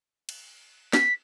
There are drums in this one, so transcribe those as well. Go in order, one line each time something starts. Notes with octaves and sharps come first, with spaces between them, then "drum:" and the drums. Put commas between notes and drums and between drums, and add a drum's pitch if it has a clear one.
drum: cymbal
B6, drum: snare